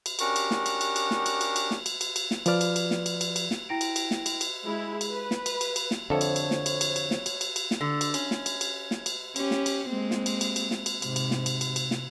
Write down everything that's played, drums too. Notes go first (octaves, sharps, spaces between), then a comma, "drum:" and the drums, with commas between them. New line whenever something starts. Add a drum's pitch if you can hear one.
drum: cymbal
C#4 D4 F#4 G4 A#4, drum: cymbal
drum: cymbal
drum: snare
drum: cymbal
drum: cymbal
drum: cymbal
drum: snare
drum: cymbal
drum: cymbal
drum: cymbal
drum: snare
drum: cymbal
drum: cymbal
drum: cymbal
drum: snare
F3 F4 B4 D5 F6, drum: cymbal
drum: cymbal
drum: cymbal
drum: snare
drum: cymbal
drum: cymbal
drum: cymbal
drum: snare
E4 G5 A#6 D7
drum: cymbal
drum: cymbal
drum: snare
drum: cymbal
drum: cymbal
G#3 E4
drum: cymbal
B4
drum: snare
drum: cymbal
drum: cymbal
drum: cymbal
drum: snare
F2 D3 A4 C5 C#5 E5
drum: cymbal
drum: cymbal
drum: snare
drum: cymbal
drum: cymbal
drum: cymbal
drum: snare
drum: cymbal
drum: cymbal
drum: cymbal
drum: snare
D3
drum: cymbal
C#4, drum: cymbal
drum: snare
drum: cymbal
drum: cymbal
drum: snare
drum: cymbal
C#4 G4, drum: cymbal
drum: snare
drum: cymbal
G#3 A#3 C4
drum: snare
drum: cymbal
drum: cymbal
drum: cymbal
drum: snare
drum: cymbal
G#2 C3, drum: cymbal
drum: cymbal
drum: snare
drum: cymbal
drum: cymbal
drum: cymbal
drum: snare